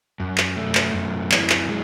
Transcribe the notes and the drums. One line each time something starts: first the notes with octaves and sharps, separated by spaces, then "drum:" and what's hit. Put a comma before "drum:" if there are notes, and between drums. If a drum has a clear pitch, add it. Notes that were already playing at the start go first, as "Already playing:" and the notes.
F#2
drum: clap
A3
drum: clap
F#2
E3, drum: clap
drum: clap
G#3